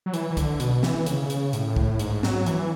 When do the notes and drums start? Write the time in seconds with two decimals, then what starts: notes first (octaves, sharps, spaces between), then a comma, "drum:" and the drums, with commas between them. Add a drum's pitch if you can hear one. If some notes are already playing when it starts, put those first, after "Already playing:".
0.06 F#3
0.14 E3, drum: hi-hat
0.31 E3
0.37 D3, drum: kick, hi-hat
0.60 B2, drum: hi-hat
0.83 E3, drum: snare
1.06 C#3, drum: hi-hat
1.30 drum: hi-hat
1.53 A2, drum: hi-hat
1.76 drum: kick
1.99 G#2, drum: hi-hat
2.23 F#3, drum: snare
2.46 E3, drum: hi-hat